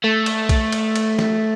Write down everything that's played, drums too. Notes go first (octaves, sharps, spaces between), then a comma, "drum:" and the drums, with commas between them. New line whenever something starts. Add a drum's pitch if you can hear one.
A3
drum: cymbal
drum: kick B1, cymbal
drum: cymbal
drum: cymbal
drum: snare